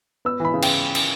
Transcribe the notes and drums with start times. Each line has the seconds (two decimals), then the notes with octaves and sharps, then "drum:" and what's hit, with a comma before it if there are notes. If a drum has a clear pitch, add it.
0.25 B3 E6
0.40 E3 B5
0.54 C#3
0.62 G5, drum: cymbal
0.95 drum: cymbal